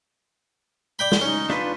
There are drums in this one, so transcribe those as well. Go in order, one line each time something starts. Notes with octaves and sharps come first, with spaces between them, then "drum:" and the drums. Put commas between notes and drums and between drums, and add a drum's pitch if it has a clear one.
D5 G5 B5 G7
drum: snare
C#4 D#4
D4 F4 B4 B6, drum: rim click